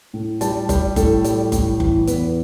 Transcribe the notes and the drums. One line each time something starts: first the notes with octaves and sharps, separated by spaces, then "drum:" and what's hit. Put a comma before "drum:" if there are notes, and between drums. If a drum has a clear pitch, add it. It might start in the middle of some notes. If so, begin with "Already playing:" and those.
A2
G3 A5, drum: hi-hat
G3, drum: kick F#1, hi-hat
A2 A4, drum: kick F#1, hi-hat
G3, drum: hi-hat
A2, drum: kick F#1, hi-hat
E3, drum: kick F#1
E2 B4, drum: hi-hat